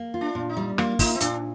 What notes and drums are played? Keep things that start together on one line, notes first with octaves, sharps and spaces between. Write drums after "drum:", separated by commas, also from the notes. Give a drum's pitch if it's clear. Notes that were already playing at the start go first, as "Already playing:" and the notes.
Already playing: A#3
F4
D4
A#2
D#4
G3
A#3 F4, drum: rim click
D#4 F4, drum: kick, open hi-hat
C4
A#2 D4, drum: hi-hat